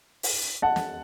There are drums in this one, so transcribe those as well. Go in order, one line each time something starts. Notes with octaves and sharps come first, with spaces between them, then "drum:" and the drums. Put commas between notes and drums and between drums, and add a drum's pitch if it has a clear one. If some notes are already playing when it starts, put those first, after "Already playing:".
drum: open hi-hat
F#5 A5
drum: snare